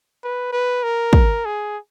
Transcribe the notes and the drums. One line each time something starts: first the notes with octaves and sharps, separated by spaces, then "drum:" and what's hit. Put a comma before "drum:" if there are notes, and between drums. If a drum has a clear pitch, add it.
B4
B4
A#4
drum: kick
G#4